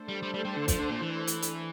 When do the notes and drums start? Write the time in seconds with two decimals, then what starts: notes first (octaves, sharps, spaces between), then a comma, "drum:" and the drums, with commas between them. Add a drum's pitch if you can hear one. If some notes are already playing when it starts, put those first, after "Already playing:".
Already playing: A3 D4 A4 C5
0.08 G3
0.23 G3
0.34 G3
0.45 G3
0.57 D3
0.68 F3, drum: kick, hi-hat
0.79 D3
0.90 A#2
1.02 E3
1.27 drum: hi-hat
1.42 drum: hi-hat